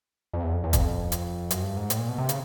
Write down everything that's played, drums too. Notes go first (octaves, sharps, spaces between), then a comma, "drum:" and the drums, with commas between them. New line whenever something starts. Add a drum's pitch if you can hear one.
F2
E2
F2
E2
F2, drum: kick, hi-hat
drum: hi-hat
F#2, drum: hi-hat
G2
G#2
A2, drum: hi-hat
A#2
B2
C3
C#3, drum: hi-hat